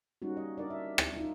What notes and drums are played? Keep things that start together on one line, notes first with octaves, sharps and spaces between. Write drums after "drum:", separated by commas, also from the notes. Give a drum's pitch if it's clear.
G3 A#3 C#4 D#4 F#4
D#5
D4 A#4 D5
E5
drum: rim click
D#4 F4